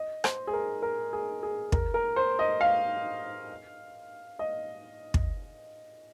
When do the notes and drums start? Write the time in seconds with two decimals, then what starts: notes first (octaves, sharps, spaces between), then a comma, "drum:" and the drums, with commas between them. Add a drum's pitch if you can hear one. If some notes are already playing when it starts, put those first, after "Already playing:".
Already playing: D#5
0.24 C5, drum: rim click
0.47 G#4
0.53 A#4
0.82 A#4
1.13 G#4
1.43 G#4
1.72 A#4, drum: kick
1.94 A#4
2.16 C5
2.39 D#5
2.61 F5
4.39 D#5
5.14 drum: kick